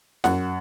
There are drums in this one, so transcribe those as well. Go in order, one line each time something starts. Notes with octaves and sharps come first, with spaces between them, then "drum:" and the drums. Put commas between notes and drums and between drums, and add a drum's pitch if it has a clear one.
F#2 F#5, drum: snare